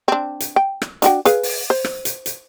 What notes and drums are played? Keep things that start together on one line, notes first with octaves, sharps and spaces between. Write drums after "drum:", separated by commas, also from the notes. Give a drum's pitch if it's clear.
C4 D4
drum: hi-hat
G5
drum: rim click
D4 F#4 G5, drum: hi-hat
G#4 B4 F5, drum: hi-hat
drum: open hi-hat
C5
drum: rim click
drum: hi-hat
drum: hi-hat